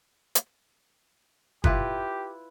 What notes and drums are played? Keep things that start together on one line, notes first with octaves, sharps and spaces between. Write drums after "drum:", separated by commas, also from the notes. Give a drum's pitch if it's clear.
drum: hi-hat
E4 F4 G4 B4, drum: kick